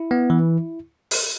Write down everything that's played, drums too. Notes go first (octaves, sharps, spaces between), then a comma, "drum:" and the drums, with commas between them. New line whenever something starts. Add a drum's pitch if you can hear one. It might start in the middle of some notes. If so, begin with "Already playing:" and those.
Already playing: E4
B3
E3
drum: open hi-hat